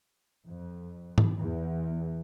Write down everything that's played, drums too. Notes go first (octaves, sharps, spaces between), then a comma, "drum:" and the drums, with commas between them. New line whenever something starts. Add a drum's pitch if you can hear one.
F2
drum: tom G#2
E2